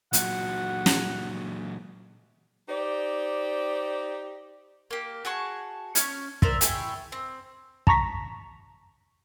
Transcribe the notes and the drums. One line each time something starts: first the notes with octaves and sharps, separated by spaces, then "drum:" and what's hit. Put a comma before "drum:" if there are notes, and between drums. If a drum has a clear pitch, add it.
A#2 F#3 F#5, drum: hi-hat
drum: snare
D#4 G4 C5 D5
A#3 G4
F#4 G#4 A5 C#6
C#4 C#5 C#6 F6, drum: hi-hat
A#4 C5 D5 E5, drum: kick
E4 G#4 C#5 G5, drum: hi-hat
C4
A5 A#5 C#6 A#6 B6, drum: kick